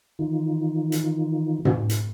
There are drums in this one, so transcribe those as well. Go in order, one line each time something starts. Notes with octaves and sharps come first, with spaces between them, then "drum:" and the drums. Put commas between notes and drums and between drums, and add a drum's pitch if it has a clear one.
D#3 E3 D#4 F4
drum: hi-hat
drum: tom
drum: hi-hat